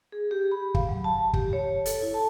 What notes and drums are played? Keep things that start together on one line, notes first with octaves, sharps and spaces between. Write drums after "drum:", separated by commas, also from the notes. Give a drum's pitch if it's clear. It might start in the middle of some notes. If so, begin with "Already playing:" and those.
G#4
G4
B5
F5, drum: kick
F#3
A5
G4, drum: kick
C#5
A4, drum: hi-hat
E4
A5